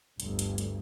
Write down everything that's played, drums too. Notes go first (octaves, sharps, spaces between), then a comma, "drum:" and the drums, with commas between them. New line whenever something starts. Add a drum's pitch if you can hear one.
G1 D2 G2, drum: hi-hat
drum: hi-hat
drum: hi-hat